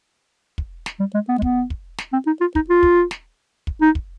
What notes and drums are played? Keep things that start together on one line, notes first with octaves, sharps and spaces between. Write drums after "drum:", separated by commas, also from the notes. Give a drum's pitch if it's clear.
drum: kick
drum: snare
G3
G#3
B3
G#3
B3, drum: kick
drum: kick
drum: snare
C4
D#4
F4
D#4, drum: kick
F4
drum: kick
drum: snare
drum: kick
D#4
drum: kick